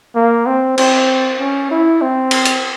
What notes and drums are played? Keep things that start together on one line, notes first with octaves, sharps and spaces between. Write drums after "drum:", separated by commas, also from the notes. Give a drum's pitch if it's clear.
A#3
C4
C4, drum: cymbal
C#4
E4
C4
drum: cymbal
drum: hi-hat